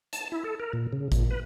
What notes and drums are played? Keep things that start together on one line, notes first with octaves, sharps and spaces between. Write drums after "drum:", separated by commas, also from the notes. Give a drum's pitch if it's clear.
A5, drum: hi-hat
E4
A4
A#4
A#2
C#3
A#2, drum: kick A1, hi-hat
B4